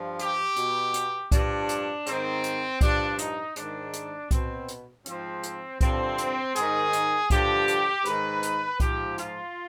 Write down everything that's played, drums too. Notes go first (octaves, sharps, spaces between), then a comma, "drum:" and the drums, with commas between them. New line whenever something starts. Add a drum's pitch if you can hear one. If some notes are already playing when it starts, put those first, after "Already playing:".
Already playing: G2 F3
G4, drum: hi-hat
B2, drum: hi-hat
drum: hi-hat
G2 F3 D4, drum: kick C2, hi-hat
drum: hi-hat
G#2 D#3 C4, drum: hi-hat
drum: hi-hat
G2 F3 D4, drum: kick C2, hi-hat
D#4, drum: hi-hat
G#2 D#3 D4, drum: hi-hat
drum: hi-hat
B2 C4, drum: kick C2, hi-hat
drum: hi-hat
G#2 F3 C4, drum: hi-hat
drum: hi-hat
G2 D3 F3 C4, drum: kick C2, hi-hat
drum: hi-hat
G#2 D#3 G#4, drum: hi-hat
drum: hi-hat
G2 D3 F3 G4, drum: kick C2, hi-hat
drum: hi-hat
G#2 D#3 B4, drum: hi-hat
drum: hi-hat
G#2 F3 G4, drum: kick C2, hi-hat
F4, drum: hi-hat